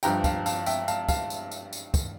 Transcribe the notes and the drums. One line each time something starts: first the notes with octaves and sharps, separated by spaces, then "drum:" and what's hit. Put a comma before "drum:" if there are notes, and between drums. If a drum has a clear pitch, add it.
G1 G2 F3 G5 A#5, drum: tambourine
F5 A5, drum: kick, tambourine
F5 A5, drum: tambourine
E5 G5, drum: tambourine
F5 A5, drum: tambourine
F5 A5, drum: kick, tambourine
drum: tambourine
drum: tambourine
drum: tambourine
drum: kick, tambourine